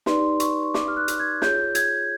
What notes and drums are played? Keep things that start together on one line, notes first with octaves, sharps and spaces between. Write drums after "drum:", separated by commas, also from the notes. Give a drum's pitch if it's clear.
D#4 G4 B4 D5 C6, drum: snare
C#6, drum: hi-hat
C#6
D6, drum: snare
F6
F#6
drum: hi-hat
G#6
F4 G#4 C#5 G6, drum: snare
G#6, drum: hi-hat